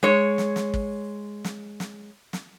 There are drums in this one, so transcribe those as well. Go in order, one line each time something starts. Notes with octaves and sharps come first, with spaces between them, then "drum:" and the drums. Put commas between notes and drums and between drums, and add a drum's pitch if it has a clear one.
G#3 C#5
drum: snare
drum: snare
drum: kick
drum: snare
drum: snare
drum: snare